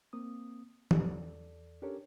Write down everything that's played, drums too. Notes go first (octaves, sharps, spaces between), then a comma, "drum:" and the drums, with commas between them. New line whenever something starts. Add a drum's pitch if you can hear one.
A#3 C4 D#6
E2 A4 D5, drum: tom
C#4 D4 G4 A4 A#4 C#5